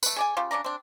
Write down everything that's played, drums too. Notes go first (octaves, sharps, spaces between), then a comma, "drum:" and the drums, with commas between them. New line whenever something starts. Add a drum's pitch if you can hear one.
A3 B4, drum: tambourine
G#4 D5 G#5
C#3 F4 G4
C#3 D4 D5 A#5
C4 D4